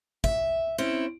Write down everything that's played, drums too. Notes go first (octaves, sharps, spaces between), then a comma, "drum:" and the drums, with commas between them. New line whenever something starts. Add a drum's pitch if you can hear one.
E5, drum: kick
C4 C#4 E4